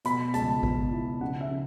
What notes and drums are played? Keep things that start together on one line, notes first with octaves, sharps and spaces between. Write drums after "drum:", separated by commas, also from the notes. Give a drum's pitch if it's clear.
B2 B5, drum: hi-hat
C#2 A5, drum: hi-hat
B3, drum: kick G#1
E4
C#3 F#5
E5
C#3